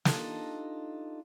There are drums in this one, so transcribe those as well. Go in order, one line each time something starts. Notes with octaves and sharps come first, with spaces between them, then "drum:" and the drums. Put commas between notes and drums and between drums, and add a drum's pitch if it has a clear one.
D4 D#4 F4 G4 A4 D#5, drum: snare